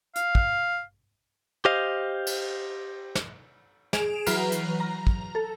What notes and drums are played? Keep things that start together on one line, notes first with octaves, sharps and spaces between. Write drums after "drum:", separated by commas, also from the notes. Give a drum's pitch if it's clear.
F5, drum: hi-hat
drum: kick
G4 C5 D#5 F5
drum: cymbal
drum: snare
G#4 D7 E7 F7, drum: snare
E3 F#3 B4 A#5 F6 C7, drum: cymbal
drum: hi-hat
A#5
drum: kick
A4